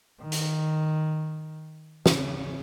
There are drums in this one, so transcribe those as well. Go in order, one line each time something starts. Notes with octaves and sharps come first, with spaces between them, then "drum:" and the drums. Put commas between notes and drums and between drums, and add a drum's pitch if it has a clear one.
D#3
drum: hi-hat
C#3, drum: snare